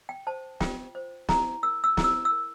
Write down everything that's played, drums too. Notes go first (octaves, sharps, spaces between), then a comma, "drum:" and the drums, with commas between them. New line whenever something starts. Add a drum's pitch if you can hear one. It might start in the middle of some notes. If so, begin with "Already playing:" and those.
G5
C5 A5
F4 G5, drum: snare
C5
E4 A#5, drum: snare
A#4 E6
E6
E4, drum: snare
E6
E6
A#4